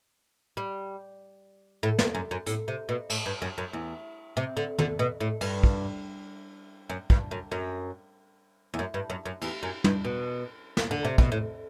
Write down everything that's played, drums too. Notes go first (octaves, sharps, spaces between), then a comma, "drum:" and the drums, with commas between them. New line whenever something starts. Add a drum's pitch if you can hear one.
G3
A2
G2, drum: snare
F#2
F#2
A2, drum: hi-hat
C3
B2
A2, drum: cymbal
G2
F#2
F#2
E2
C3
D3
D3, drum: tom
B2
A2
G2, drum: cymbal
drum: kick
F#2
G2, drum: kick
F#2
F#2
E2
F#2
G2
F#2
F#2
E2, drum: cymbal
F#2
G2, drum: tom
B2
drum: snare
D3
C3
B2, drum: kick
A2